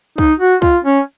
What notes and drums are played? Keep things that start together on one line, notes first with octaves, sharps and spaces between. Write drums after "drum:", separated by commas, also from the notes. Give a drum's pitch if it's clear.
D#4, drum: kick
F#4
F4, drum: kick
C#4